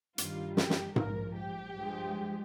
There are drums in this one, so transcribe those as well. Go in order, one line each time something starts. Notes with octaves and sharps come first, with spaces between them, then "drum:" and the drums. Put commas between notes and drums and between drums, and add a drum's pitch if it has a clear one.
G2 D#3 G3 F4, drum: hi-hat
G4, drum: snare
drum: snare
A#1 G#2 F3 A#4, drum: tom G#2
G4
G2 F3 G#3